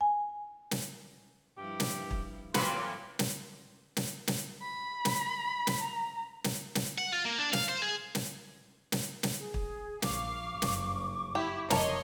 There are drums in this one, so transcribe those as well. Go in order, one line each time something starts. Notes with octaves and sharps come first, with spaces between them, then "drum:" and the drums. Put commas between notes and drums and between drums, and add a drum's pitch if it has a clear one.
G#5
drum: snare
G2 F3 E4 G4
drum: snare
drum: kick
A2 E3 F#3 A#3 C4 F4 F#4 B4, drum: snare
drum: snare
drum: snare
drum: snare
B5
drum: snare
drum: snare
A#5
drum: snare
drum: snare
F#5
F4
A#3
D4
F5, drum: snare
C5
G#4
drum: snare
drum: snare
drum: snare
G#4
drum: kick
A#1 F5 C#6 D6, drum: snare
F#1 G2, drum: snare
E4 G4
F1 A#4 C#5 D#5 A5 C6, drum: snare